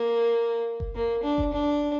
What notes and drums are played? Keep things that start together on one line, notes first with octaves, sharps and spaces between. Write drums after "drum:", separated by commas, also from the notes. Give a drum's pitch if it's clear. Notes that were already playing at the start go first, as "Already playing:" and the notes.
Already playing: A#3
drum: kick F#1
A#3
D4
drum: kick F#1
D4